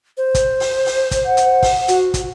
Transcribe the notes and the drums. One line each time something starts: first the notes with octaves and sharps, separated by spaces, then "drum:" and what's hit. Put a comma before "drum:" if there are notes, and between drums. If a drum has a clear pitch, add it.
C5
drum: kick, hi-hat
drum: open hi-hat
drum: open hi-hat
drum: kick, hi-hat
F#5
drum: hi-hat
drum: kick, open hi-hat
F#4, drum: hi-hat
drum: kick, hi-hat